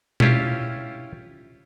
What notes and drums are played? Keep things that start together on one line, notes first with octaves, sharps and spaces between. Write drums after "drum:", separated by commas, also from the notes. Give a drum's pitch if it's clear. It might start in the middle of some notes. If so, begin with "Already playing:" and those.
C#4 E4 F4 G4, drum: tom B2